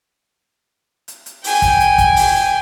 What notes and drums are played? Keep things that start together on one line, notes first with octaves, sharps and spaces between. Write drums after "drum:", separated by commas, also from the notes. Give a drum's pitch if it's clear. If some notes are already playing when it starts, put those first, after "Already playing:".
drum: hi-hat
drum: hi-hat
G5 G#5, drum: open hi-hat
drum: kick, hi-hat
drum: hi-hat
drum: kick, hi-hat
drum: open hi-hat